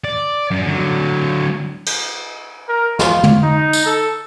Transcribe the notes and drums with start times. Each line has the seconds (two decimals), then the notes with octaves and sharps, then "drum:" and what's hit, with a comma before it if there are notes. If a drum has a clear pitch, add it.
0.04 D5
0.51 F#2
0.66 D3 F#3
1.86 drum: cymbal
2.69 A#4
2.99 F4, drum: snare
3.23 drum: tom
3.43 D#4
3.73 drum: tambourine
3.86 A4